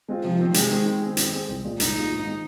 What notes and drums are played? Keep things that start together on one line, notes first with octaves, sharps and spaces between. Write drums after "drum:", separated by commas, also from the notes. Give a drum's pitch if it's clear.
G#3 C4 F4
C3 F3
D#3 C4
C3 G#3, drum: hi-hat
D#3 C4
D#3
C4 G#4
D#3, drum: hi-hat
C4 G#4
C2
A#2 G#3 F4
C2 D#4, drum: hi-hat
A#2 G#3 F4
G#2
D#3 G#3 C4 D#4